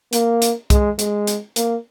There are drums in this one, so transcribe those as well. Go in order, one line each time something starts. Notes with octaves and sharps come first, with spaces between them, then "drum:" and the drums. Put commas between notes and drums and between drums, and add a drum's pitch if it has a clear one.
A#3, drum: hi-hat
drum: hi-hat
G#3, drum: kick, hi-hat
G#3, drum: hi-hat
drum: hi-hat
A#3, drum: hi-hat